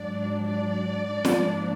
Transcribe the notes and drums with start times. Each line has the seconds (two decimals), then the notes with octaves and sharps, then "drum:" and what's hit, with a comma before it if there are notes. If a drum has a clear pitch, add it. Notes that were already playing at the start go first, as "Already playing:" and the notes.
Already playing: G#2 F#3 D4 D5
0.45 D5
1.25 G#2 F3 A#3 D4, drum: snare